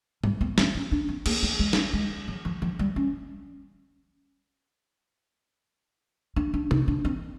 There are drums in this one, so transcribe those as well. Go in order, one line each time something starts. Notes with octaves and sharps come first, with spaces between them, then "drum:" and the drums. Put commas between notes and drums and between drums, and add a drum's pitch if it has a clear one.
G3, drum: tom
B3
C4, drum: snare
C#4
D4
C4
A#3, drum: cymbal
A3
G#3
drum: snare
G#3
F#3
F3
F3
G3
C#4
D4
D4
D#4, drum: tom
D4
C4